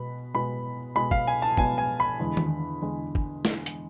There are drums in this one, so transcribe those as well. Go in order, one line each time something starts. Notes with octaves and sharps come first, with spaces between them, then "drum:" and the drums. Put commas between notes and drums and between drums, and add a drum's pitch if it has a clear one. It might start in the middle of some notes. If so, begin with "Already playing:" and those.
Already playing: B2 G#3 B3 B5
B2 G#3 B3 B5
B2 G#3 B3 B5
F5, drum: kick
G#5
A5
B2 G#3 B3 G#5, drum: kick
G#5
B5
E2 D3 G#3
drum: tom D#3
E2 D3 G#3
drum: kick
drum: snare
drum: hi-hat